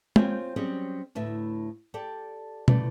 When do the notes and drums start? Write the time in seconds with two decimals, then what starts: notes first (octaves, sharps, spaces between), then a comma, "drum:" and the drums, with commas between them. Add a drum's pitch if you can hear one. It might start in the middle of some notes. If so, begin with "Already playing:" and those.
0.16 C4 F4 C5 C#5 G5 G#5, drum: tom
0.56 F#3 G3 C4 C#4 G4 G#4
1.15 D2 A2 B4 E5
1.94 G4 A4 D5
2.68 E2 A3 B4 D5, drum: tom